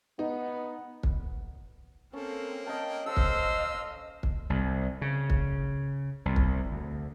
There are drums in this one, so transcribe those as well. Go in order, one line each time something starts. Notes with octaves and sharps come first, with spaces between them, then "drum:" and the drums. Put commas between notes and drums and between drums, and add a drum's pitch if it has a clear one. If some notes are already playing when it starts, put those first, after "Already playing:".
B3 D#4
drum: kick
A#3 C4 C#4 A4 A#4
D#5 G5 A5
A4 C5 D#5 F5 D6 E6
drum: kick
drum: kick
C2
C#3
drum: kick
C2
drum: kick
D2